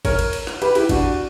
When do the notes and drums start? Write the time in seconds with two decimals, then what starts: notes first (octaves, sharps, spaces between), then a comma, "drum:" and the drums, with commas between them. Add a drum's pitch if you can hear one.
0.05 A#4 C#5, drum: kick, cymbal
0.19 drum: cymbal
0.33 drum: cymbal
0.47 drum: rim click
0.62 G4 B4, drum: cymbal
0.75 E4 G4, drum: cymbal
0.89 D4 F#4, drum: kick, cymbal